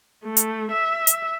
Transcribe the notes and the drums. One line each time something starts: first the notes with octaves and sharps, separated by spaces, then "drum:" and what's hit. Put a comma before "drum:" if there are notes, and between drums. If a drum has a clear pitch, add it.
A3
drum: hi-hat
E5
drum: hi-hat